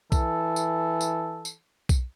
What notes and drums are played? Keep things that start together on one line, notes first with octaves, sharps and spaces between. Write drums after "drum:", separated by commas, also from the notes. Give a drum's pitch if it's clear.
E3 A4, drum: kick B1, tambourine
drum: tambourine
drum: tambourine
drum: tambourine
drum: kick B1, tambourine